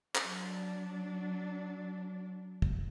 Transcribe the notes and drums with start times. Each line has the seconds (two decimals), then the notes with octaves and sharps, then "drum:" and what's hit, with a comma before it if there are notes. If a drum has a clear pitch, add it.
0.15 F#3 D4, drum: clap
2.62 drum: kick